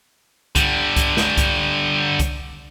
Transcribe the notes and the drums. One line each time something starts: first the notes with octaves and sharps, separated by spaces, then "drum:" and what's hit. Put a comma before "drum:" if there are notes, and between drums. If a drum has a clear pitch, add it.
D3 G3, drum: kick C2, hi-hat
drum: kick C2, hi-hat
drum: snare
drum: kick C2, hi-hat
drum: kick C2, hi-hat